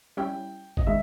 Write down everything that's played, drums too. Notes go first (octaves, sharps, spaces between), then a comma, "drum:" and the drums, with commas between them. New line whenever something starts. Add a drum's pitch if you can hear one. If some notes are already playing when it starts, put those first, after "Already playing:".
G3 C#4 E4 G5
D#5, drum: kick G1
D#3 G#3 E5